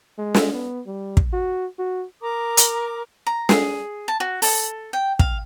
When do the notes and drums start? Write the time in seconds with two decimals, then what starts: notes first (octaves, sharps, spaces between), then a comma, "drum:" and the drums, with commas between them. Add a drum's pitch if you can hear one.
0.18 G#3
0.34 drum: snare
0.53 B3
0.87 G3
1.17 drum: kick
1.33 F#4
1.79 F#4
2.21 A#4 A#5 D6 D#6
2.57 drum: hi-hat
3.27 A#5
3.49 G#4, drum: snare
4.08 A5
4.20 F#4
4.42 A4, drum: open hi-hat
4.93 G5
5.19 F5, drum: kick